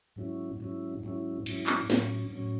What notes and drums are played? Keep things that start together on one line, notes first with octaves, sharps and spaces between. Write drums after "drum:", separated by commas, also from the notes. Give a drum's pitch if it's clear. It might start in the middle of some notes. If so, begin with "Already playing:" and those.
G#2 F#3 C#4 E4
G#2 F#3 C#4 E4
G#2 F#3 C#4 E4
G#2 F#3 C#4 E4, drum: cymbal
drum: clap
A2 F#3 C#4, drum: snare
A2 F#3 C#4